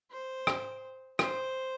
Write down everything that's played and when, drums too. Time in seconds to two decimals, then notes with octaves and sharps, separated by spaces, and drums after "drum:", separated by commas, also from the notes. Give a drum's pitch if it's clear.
0.11 C5
0.47 drum: rim click
1.19 C5, drum: rim click